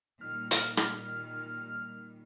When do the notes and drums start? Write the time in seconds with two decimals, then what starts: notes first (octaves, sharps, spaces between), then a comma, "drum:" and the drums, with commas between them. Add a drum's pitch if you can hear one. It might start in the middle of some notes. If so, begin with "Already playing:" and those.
0.21 A#2 D#3 G3 F6
0.51 drum: hi-hat
0.77 drum: rim click